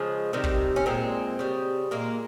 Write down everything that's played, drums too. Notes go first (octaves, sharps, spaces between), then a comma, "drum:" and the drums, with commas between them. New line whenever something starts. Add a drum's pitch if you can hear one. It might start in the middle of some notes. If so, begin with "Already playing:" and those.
Already playing: C#3 F3 G#3
C3 D#3 G3
drum: kick
C#4
A#2 G#3 C4
C#3 G3
A#2 G#3 A#3